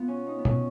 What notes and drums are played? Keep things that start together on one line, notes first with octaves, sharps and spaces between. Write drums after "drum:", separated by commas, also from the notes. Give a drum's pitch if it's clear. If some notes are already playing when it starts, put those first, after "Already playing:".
Already playing: B2 B3 F4
C#4
D#4
B3
B2 C#4, drum: tom